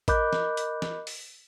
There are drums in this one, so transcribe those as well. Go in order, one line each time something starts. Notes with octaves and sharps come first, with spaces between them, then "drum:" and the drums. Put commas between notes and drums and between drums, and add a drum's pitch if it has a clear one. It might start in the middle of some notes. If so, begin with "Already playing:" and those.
A#4 D#5 B5 D6 F#6 G6, drum: kick A1, hi-hat
drum: snare
drum: hi-hat
drum: snare
drum: open hi-hat